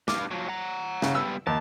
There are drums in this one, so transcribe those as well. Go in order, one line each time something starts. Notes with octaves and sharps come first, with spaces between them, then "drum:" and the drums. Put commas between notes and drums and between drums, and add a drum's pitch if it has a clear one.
G2 F5 D6, drum: snare
F3 F#3
F#5 A#5
C#3, drum: snare
G3 B3 E6
D#2 A5